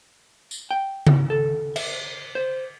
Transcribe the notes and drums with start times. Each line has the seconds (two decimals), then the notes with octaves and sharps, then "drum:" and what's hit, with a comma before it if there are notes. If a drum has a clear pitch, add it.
0.51 drum: tambourine
0.71 G5
1.07 drum: tom C#3
1.30 A4
1.76 E5, drum: cymbal
2.35 C5